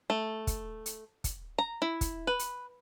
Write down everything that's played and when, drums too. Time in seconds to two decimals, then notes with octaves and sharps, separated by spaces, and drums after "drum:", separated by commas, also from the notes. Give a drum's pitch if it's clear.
0.10 A3
0.47 drum: kick, hi-hat
0.86 drum: hi-hat
1.24 drum: kick, hi-hat
1.59 A#5
1.82 E4
2.01 drum: kick, hi-hat
2.27 B4
2.39 drum: hi-hat